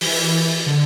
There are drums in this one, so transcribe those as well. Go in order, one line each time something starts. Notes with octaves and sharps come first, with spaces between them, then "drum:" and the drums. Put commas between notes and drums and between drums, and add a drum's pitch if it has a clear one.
E3, drum: open hi-hat
D3